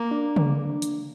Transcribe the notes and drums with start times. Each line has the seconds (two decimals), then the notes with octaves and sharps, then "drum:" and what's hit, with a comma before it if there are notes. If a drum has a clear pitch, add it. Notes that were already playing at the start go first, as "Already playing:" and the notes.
Already playing: A#3
0.11 D4
0.36 drum: tom C#3
0.82 drum: hi-hat